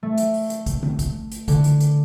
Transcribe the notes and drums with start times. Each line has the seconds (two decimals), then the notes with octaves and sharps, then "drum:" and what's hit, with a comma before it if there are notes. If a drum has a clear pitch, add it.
0.03 A3
0.18 drum: hi-hat
0.34 drum: open hi-hat
0.50 drum: hi-hat
0.66 drum: kick G#1, hi-hat
0.83 drum: tom D3
0.99 drum: kick G#1, hi-hat
1.32 drum: hi-hat
1.48 D3, drum: kick G#1, hi-hat
1.64 drum: hi-hat
1.80 drum: hi-hat